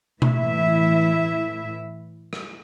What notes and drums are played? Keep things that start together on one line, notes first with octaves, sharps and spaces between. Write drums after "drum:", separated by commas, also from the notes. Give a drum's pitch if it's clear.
A2 E3 E4 E5, drum: tom B2
drum: rim click